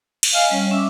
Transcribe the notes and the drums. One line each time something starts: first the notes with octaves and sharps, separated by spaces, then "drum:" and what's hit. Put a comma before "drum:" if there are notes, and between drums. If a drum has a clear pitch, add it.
drum: cymbal
D#5 F5 G#5
G3 C#4
C#4 E5 D6